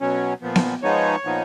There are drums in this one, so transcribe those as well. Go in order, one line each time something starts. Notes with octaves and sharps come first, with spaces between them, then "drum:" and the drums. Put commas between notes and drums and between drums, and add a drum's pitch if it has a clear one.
B2 F#3 C#4
A#2 F3 B3
drum: snare B3
F3 G#3 B3 D#4 C#5
A#2 F3 B3 D#4